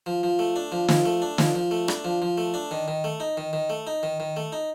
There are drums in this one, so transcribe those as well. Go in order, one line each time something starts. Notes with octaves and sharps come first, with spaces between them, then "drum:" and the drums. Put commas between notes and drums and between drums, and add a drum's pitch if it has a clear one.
F3
F3
A3
D4
F3
F3, drum: snare
A3
D4
F3, drum: snare
F3
A3
D4, drum: rim click
F3
F3
A3
D4
D#3
D#3
A3
D#4
D#3
D#3
A3
D#4
D#3
D#3
A3
D#4